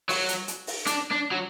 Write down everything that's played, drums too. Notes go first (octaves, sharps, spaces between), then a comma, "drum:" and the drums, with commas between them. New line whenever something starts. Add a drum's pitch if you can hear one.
F#3, drum: open hi-hat
drum: hi-hat
drum: hi-hat
drum: open hi-hat
D4, drum: hi-hat
D4
F#3